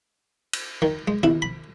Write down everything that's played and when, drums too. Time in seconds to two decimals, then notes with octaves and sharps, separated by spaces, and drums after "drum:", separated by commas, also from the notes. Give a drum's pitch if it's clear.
0.53 drum: cymbal
0.82 D#3
1.08 G#3
1.23 E4, drum: tom D#3
1.42 B5